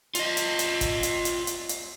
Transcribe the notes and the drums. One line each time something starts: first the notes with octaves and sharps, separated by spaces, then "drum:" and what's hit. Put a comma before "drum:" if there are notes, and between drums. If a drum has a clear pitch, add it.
F4 D#5, drum: hi-hat
drum: hi-hat
drum: hi-hat
drum: kick, hi-hat
drum: hi-hat
drum: hi-hat
drum: hi-hat
drum: hi-hat